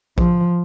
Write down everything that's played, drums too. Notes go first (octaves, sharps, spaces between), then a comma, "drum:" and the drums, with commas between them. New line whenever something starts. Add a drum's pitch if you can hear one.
F3, drum: kick A#1